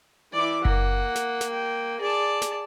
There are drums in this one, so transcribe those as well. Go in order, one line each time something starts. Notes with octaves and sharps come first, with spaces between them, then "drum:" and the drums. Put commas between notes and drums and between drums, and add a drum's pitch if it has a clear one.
E3 E4 D5 D6
A#3 F#5, drum: kick F#1
drum: snare
drum: snare
G5
G#4 D5 A5
drum: snare